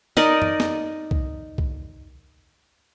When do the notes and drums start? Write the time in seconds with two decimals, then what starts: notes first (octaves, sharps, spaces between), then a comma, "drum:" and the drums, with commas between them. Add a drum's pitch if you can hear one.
0.17 D#4 A#4 D5 D#5
0.42 drum: tom F#2
0.60 drum: snare
1.11 drum: kick
1.58 drum: kick